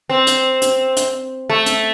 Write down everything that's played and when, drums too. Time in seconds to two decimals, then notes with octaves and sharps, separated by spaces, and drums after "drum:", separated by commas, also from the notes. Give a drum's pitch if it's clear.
0.09 C4
0.27 drum: hi-hat
0.62 drum: hi-hat
0.97 drum: hi-hat
1.50 A3
1.66 drum: hi-hat